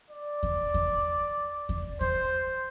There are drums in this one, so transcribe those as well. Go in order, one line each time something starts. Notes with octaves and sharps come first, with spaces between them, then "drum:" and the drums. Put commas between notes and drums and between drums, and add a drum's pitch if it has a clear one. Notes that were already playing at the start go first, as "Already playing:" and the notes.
D5
drum: kick E2
drum: kick E2
drum: kick E2
C5, drum: kick E2